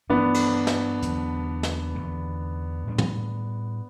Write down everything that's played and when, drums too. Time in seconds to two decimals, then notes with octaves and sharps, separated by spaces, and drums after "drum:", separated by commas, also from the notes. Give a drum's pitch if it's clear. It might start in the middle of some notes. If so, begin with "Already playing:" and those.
0.09 G2 E3 A3 B3 D4
0.34 drum: cymbal
0.67 drum: snare
1.02 E2 D3 F#3, drum: hi-hat
1.63 drum: snare
1.95 E2 D3 A3
2.87 A2 G3 D4
2.98 drum: tom